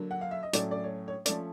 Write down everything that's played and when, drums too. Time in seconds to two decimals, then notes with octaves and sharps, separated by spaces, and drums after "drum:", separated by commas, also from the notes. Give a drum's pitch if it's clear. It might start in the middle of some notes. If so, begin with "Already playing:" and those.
Already playing: D3 F#3 A#3
0.11 F#5
0.21 F5
0.31 E5
0.43 D#5
0.53 A2 F#3 A3 C#4 D5, drum: hi-hat
0.71 D5
0.84 C#5
1.08 C#5
1.26 F3 A3 C#4 D5, drum: hi-hat